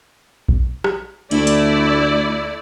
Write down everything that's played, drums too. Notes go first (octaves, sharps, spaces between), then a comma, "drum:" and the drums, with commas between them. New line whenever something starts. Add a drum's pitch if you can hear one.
drum: kick A#1
drum: rim click
D2 A3 E4 D5, drum: cymbal
drum: hi-hat